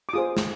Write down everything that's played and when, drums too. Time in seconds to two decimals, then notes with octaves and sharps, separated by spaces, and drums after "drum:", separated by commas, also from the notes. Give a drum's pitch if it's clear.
0.09 D6
0.13 F4 G#4 C5 D#6
0.37 drum: snare